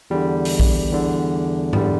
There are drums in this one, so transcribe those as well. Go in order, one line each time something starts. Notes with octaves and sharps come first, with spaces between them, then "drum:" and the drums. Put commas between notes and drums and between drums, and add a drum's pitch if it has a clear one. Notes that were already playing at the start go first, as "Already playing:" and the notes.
E2 D3 G3
drum: open hi-hat
drum: kick A#1
E2 D3
E2 D3 G3, drum: tom G#2